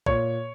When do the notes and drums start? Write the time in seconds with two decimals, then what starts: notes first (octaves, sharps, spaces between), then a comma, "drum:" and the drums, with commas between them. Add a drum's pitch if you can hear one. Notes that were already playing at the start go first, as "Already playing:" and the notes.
0.06 A#2 C#5, drum: kick